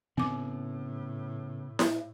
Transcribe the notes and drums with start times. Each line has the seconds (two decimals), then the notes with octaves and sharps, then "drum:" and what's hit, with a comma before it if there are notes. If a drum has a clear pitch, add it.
0.17 A2 C#3 B3 C4 D6
1.79 drum: snare E4